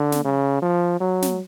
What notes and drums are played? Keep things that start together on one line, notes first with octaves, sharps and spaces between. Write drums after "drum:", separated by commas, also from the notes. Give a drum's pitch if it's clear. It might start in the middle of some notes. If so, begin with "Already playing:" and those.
Already playing: D3
drum: snare
C#3
F3
F#3
drum: snare